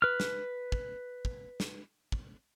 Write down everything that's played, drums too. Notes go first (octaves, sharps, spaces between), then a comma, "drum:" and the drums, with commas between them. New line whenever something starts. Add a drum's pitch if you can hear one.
B4 F6
drum: snare
drum: kick
drum: kick
drum: snare
drum: kick